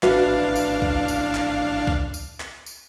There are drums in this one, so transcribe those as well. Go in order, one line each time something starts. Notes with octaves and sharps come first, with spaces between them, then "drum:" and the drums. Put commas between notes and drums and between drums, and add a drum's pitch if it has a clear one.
A1 D4 F#4 B4 E5 F5, drum: clap
drum: tambourine
drum: kick C2
drum: tambourine
drum: clap
drum: kick C2
drum: tambourine
drum: clap
drum: tambourine